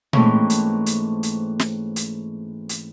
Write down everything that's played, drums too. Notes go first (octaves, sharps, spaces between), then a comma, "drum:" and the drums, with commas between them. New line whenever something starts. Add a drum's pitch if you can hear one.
G#2 E3 A3 A#3 C4 C#4, drum: tom A#2
drum: hi-hat
drum: hi-hat
drum: hi-hat
drum: snare
drum: hi-hat
drum: hi-hat